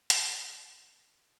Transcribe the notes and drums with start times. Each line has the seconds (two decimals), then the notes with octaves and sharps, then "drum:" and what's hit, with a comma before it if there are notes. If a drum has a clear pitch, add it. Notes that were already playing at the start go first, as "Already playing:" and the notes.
0.10 D#4, drum: hi-hat